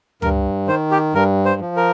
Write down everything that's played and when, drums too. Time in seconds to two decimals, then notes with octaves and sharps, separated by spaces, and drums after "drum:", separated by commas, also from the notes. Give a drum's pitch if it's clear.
0.22 G2 A#4, drum: tom C#2
0.68 D#3 C5
0.91 G4
1.14 G2 A#4
1.45 C5
1.60 F3
1.77 A#4